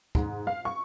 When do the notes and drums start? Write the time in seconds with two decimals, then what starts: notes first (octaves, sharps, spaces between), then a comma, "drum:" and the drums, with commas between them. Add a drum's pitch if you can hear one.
0.15 G#2, drum: kick
0.47 F5
0.65 C#6